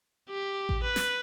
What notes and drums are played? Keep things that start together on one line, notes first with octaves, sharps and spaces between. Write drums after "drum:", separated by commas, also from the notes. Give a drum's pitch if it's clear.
G4
drum: kick A1
B4
drum: snare